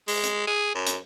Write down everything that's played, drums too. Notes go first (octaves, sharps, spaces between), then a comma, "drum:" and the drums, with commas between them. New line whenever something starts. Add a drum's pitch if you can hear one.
G#3, drum: open hi-hat
drum: hi-hat
G#4
F#2
drum: hi-hat